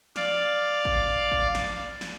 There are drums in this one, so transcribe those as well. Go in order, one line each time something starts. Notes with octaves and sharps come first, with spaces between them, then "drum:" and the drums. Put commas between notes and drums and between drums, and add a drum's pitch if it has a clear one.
D5 F5, drum: snare
drum: kick G#1
drum: kick G#1
drum: snare
drum: snare